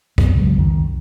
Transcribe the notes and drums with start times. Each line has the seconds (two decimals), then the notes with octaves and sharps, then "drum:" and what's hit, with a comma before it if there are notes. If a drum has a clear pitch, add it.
0.18 F#2 B3, drum: kick C2
0.35 C#3 F#3 G#3
0.58 C2 F2 D#3